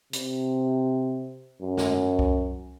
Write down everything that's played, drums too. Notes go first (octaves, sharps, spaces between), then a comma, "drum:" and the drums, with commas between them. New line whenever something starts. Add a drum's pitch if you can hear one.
C3, drum: hi-hat
F#2
drum: snare
drum: kick C2